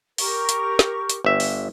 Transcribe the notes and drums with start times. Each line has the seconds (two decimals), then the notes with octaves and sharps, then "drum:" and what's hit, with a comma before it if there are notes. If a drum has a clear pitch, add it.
0.18 G4 A#4 C#6, drum: open hi-hat
0.49 drum: hi-hat
0.79 drum: snare
1.10 drum: hi-hat
1.25 G1 E5
1.40 drum: open hi-hat